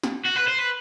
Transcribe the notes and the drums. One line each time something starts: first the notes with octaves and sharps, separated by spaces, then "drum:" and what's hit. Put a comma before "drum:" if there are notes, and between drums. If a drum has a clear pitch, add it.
drum: snare
F#4
B4
C5
B4